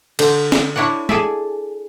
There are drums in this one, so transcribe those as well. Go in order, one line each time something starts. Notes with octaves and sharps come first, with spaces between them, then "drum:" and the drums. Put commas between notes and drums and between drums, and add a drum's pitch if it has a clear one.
D3 C5, drum: cymbal
drum: snare
D4 E4 C#5 D5 F#5
G#4 A4 D5 E5, drum: tom